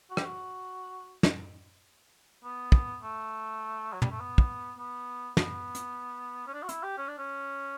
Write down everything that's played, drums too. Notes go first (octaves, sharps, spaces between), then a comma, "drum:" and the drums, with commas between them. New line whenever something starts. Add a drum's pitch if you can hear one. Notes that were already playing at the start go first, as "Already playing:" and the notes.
F#4
G4, drum: rim click
F#4
drum: snare
B3
drum: kick
A3
F#3
G3, drum: tom
A3
B3
drum: kick
B3
B3, drum: snare
drum: hi-hat
C#4
D4
F#4
E4, drum: hi-hat
G4
C#4
D4
C#4